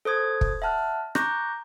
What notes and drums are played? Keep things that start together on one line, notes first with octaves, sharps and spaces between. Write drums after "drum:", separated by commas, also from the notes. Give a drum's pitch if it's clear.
A4 C5 D#6 G#6
drum: kick
E5 F#5 A5 F6 F#6
A#5 C#6 D6 F#6 G6 A#6, drum: rim click